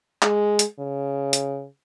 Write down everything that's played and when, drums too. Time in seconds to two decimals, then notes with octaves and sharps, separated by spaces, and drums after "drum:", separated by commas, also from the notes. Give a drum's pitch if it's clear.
0.22 G#3, drum: clap
0.59 drum: hi-hat
0.79 C#3
1.33 drum: hi-hat